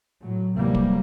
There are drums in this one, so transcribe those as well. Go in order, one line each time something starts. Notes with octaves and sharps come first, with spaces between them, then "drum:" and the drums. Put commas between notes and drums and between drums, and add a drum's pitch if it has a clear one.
A2 F#3
D2 C3 E3 F#3 G3 A#3
drum: kick